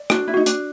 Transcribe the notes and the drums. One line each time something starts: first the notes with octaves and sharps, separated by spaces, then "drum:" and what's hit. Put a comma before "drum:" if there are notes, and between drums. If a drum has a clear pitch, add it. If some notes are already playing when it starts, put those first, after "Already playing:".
Already playing: D5
D4 F#4, drum: rim click
E4
D#4 F#4
D4, drum: hi-hat